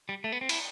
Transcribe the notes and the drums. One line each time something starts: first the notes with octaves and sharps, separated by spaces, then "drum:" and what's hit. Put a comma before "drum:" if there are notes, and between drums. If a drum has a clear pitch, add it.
G3
A3
B3
C4
E4, drum: cymbal